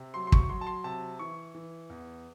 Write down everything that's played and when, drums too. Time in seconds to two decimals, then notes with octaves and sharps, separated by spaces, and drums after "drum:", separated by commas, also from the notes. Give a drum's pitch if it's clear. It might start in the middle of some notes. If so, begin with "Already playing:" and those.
Already playing: C3
0.14 F#3 C6
0.27 C6
0.32 C#6, drum: kick
0.49 F#3 C6
0.61 A5
0.67 C6
0.84 C3 A5
1.19 E3 C#6
1.55 E3
1.90 E2